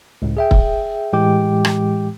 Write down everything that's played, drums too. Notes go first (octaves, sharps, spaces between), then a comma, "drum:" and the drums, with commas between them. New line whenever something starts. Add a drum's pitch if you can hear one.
C#2 A2
G#4 E5 G5
drum: kick
A2 E3 G#3 G4 G5 D6
drum: rim click